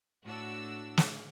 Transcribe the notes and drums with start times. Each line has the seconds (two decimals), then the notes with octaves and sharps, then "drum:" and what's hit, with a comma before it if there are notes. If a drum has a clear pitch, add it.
0.24 A2 D4 F#4 E6
0.97 drum: snare